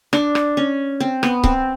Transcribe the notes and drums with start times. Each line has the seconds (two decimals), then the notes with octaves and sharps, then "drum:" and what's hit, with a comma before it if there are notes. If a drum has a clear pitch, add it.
0.13 D4, drum: rim click
0.35 drum: rim click
0.57 C#4
1.00 C4
1.23 B3, drum: rim click
1.44 C4, drum: kick C#1